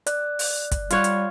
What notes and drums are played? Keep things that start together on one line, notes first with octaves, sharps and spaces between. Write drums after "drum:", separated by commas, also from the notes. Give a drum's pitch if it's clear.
D5 F#6, drum: hi-hat
drum: open hi-hat
drum: kick, hi-hat
G3 F4 C#5 F#5, drum: hi-hat
drum: hi-hat